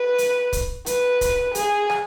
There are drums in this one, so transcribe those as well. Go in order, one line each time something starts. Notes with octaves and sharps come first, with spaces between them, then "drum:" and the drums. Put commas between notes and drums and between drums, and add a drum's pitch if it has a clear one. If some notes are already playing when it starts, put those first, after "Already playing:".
Already playing: B4
drum: hi-hat
drum: kick, hi-hat
B4, drum: hi-hat
drum: kick, hi-hat
G#4, drum: hi-hat
drum: rim click